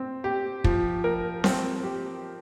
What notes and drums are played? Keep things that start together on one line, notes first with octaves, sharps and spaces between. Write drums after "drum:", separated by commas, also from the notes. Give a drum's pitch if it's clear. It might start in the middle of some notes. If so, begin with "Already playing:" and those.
Already playing: C4
G4
F3, drum: kick
A#4
C4, drum: snare C4
G4